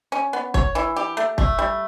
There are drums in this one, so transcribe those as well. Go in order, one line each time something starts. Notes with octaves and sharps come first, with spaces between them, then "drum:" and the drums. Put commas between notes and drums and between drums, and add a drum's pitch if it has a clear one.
C#4
B3
C#5, drum: kick
E3
G4
A3
A3, drum: kick
G3